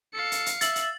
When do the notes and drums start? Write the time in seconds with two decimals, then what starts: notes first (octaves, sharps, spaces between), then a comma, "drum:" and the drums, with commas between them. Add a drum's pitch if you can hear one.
0.14 A4 F5 C#7
0.32 drum: hi-hat
0.46 drum: hi-hat
0.61 E5 A6 F#7, drum: hi-hat
0.75 drum: hi-hat